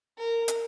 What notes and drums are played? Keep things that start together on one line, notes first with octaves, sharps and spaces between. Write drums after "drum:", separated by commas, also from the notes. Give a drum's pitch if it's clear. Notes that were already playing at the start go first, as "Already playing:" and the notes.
A#4
drum: hi-hat